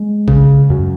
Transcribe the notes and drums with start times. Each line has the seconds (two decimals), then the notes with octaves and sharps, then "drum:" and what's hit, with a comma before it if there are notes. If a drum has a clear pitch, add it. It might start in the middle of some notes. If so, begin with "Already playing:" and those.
Already playing: G#3
0.28 C#3, drum: kick A1
0.70 F#2